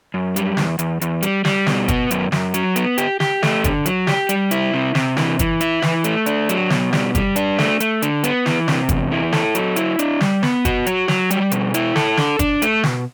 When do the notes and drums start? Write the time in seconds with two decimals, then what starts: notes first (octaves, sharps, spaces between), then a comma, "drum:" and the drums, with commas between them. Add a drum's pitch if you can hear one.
0.14 F#2
0.36 G3, drum: hi-hat
0.57 E2, drum: snare
0.79 E2, drum: hi-hat
1.01 E2, drum: hi-hat
1.23 G3, drum: hi-hat
1.45 G3, drum: snare
1.67 B2, drum: snare
1.88 B3, drum: kick, hi-hat
2.11 F#2, drum: hi-hat
2.32 F#2, drum: snare
2.54 F#3, drum: hi-hat
2.76 B3, drum: hi-hat
2.98 G4, drum: hi-hat
3.20 G4, drum: snare
3.43 A3, drum: snare
3.64 D3, drum: kick, hi-hat
3.86 F#3, drum: hi-hat
4.07 G4, drum: snare
4.29 G3, drum: hi-hat
4.51 E4, drum: hi-hat
4.74 C3
4.95 C3, drum: snare
5.17 E3, drum: snare
5.39 E3, drum: kick, hi-hat
5.61 E4, drum: hi-hat
5.82 E3, drum: snare
6.04 A3, drum: hi-hat
6.26 D4, drum: hi-hat
6.49 F#3, drum: hi-hat
6.70 B2, drum: snare
6.93 G3, drum: snare
7.15 G3, drum: kick, hi-hat
7.36 D4, drum: hi-hat
7.59 A3, drum: snare
7.80 A3, drum: hi-hat
8.02 D3, drum: hi-hat
8.24 B3, drum: hi-hat
8.46 E3, drum: snare
8.68 C3, drum: snare
8.89 E2, drum: kick, hi-hat
9.12 E4
9.32 A4, drum: snare
9.55 F#3, drum: hi-hat
9.76 E4, drum: hi-hat
9.99 D4, drum: hi-hat
10.21 G3, drum: snare
10.43 B3, drum: snare
10.65 F#4, drum: kick, hi-hat
10.86 F#3, drum: hi-hat
11.08 F#3, drum: snare
11.31 G3, drum: hi-hat
11.51 B2, drum: hi-hat
11.74 E4, drum: hi-hat
11.96 A4, drum: snare
12.17 D4, drum: snare
12.39 D4, drum: kick, hi-hat
12.62 A3, drum: hi-hat
12.83 B2, drum: snare